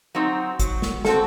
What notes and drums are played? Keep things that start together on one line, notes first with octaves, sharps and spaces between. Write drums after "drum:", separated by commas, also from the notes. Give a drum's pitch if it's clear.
F#3 C4 D#4
F#3, drum: kick, hi-hat
drum: snare
C4 F#4 A4, drum: snare